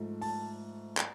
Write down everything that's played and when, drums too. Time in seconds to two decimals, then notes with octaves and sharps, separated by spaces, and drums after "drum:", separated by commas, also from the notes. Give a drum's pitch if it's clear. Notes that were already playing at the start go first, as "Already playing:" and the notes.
Already playing: G#2 F3 A3
0.21 A5, drum: open hi-hat
0.97 drum: clap